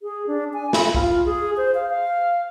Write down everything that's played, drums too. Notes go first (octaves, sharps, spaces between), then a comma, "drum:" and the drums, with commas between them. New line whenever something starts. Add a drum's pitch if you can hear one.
G#4
D4
G#5
B5, drum: snare
F4, drum: kick
G#4
C5
F5
F5